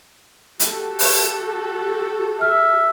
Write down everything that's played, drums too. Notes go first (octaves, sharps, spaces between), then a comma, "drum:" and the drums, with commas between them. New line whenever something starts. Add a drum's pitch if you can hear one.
F#4 G4 A4, drum: hi-hat
drum: open hi-hat
E5 F6